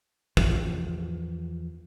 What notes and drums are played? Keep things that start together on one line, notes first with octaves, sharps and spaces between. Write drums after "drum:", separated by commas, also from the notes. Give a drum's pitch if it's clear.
E2 F3, drum: kick